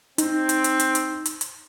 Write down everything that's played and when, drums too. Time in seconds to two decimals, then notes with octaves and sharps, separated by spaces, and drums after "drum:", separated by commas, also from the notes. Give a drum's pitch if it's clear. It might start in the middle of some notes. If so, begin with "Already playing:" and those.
0.18 C4 D#4, drum: hi-hat
0.49 drum: hi-hat
0.64 drum: hi-hat
0.80 drum: hi-hat
0.95 drum: hi-hat
1.26 drum: hi-hat
1.41 drum: hi-hat